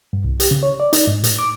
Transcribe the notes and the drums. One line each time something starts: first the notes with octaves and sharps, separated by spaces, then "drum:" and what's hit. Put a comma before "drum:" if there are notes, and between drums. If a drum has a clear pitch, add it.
G2
C2
G4, drum: hi-hat
C#3
C#5
D5
D#4, drum: hi-hat
G#2
A2, drum: hi-hat
D6